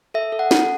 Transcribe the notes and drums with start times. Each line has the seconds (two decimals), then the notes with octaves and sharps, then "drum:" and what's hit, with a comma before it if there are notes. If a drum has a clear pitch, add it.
0.14 A4 E5
0.32 A4
0.39 F#5
0.51 A4, drum: snare